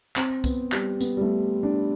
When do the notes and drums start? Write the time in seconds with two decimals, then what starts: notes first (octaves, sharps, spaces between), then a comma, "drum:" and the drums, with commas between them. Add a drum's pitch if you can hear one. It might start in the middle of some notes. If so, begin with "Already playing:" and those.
0.16 C4, drum: clap
0.44 B3, drum: kick, tambourine
0.72 G3, drum: clap
1.01 B3, drum: tambourine
1.17 G3
1.21 A3
1.63 D4